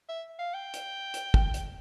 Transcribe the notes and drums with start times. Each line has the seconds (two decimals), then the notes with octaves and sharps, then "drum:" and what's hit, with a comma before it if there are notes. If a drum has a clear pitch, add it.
0.09 E5
0.39 F5
0.54 G5
0.74 drum: hi-hat
1.14 drum: hi-hat
1.34 drum: kick
1.54 drum: hi-hat